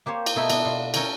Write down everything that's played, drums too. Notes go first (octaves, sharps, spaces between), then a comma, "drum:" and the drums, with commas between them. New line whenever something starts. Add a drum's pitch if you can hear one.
A#3 G4 C5 C#5
drum: cymbal
B2 A3 D#4 E4 E5
B3 D4, drum: cymbal
B2 F4
C#4 A4 A#4 C#5 G5 A#5, drum: cymbal